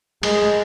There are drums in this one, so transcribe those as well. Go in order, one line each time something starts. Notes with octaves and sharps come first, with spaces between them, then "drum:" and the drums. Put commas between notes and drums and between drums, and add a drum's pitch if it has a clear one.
G#3, drum: cymbal